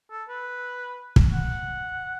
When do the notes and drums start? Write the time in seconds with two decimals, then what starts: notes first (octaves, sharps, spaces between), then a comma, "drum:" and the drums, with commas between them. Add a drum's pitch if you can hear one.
0.11 A4
0.28 B4
1.16 drum: kick
1.33 F#5